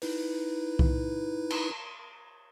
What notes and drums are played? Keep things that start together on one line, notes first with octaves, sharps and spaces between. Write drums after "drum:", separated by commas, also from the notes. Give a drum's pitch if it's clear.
D#4 E4 B4, drum: open hi-hat
drum: kick C2
drum: cymbal